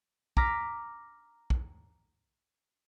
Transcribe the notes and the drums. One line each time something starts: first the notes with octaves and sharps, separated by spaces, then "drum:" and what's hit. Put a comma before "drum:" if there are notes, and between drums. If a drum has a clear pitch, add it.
A#5 D6 F6 A#6 B6, drum: kick
drum: kick